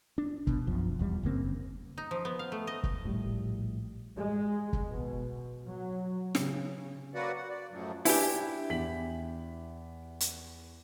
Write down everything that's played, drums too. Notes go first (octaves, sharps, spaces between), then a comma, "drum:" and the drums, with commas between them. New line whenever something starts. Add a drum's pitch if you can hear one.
D4
B2, drum: kick
B1 F#2 F3
D#1 E2 G3
F#1 C#3 A#3 C4
D#4
F3
B3
F5
A3
D#5
drum: kick
A#1 A2 D3 G3
G#3
drum: kick
B2
F#3
C#3, drum: snare
F#3 A#3 F#4 B4 D5 F#5
F#5
D5
F#2 A2 F3 F#3
D4 E4 G4 B4 G#5, drum: open hi-hat
E2 B6 F#7
drum: hi-hat